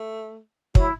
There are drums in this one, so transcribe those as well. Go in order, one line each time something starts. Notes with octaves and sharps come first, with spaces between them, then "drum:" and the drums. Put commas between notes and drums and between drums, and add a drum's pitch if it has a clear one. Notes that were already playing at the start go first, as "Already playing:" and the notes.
Already playing: A3
F#3 E4, drum: kick